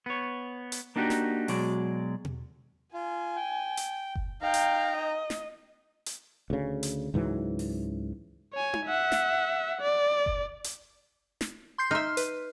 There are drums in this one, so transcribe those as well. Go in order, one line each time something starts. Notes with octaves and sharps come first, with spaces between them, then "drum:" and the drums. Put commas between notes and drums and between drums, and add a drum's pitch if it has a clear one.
B3 C#5
drum: hi-hat
A#3 D4 D#4 F#4 G4
drum: snare
B2 F#3 G#3 D5, drum: open hi-hat
drum: tom B2
F4 G#5
G5
drum: hi-hat
drum: kick F#1
D#4 F5 G5 A#5
drum: hi-hat
D#5
drum: snare
drum: hi-hat
D2 C#3
drum: hi-hat
C#2 G#2 E3 F#3
drum: open hi-hat
C#5 G#5
drum: tom D#4
E5 F#5
drum: snare
D5
drum: kick F#1
drum: hi-hat
drum: snare
C6 G6 C7
D#4 E5 C6 F6
B4, drum: hi-hat